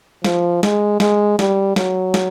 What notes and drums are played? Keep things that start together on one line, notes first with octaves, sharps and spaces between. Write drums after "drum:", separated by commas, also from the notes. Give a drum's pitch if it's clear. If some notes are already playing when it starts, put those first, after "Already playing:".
F3, drum: snare
G#3, drum: snare
G#3, drum: snare
G3, drum: snare
F#3, drum: snare
drum: snare